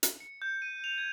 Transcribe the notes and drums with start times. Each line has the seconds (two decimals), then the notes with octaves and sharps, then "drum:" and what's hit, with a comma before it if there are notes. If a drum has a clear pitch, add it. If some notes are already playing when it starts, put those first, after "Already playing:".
0.03 drum: hi-hat
0.20 C#7
0.42 G6
0.62 D#7
0.84 F7
0.98 G#6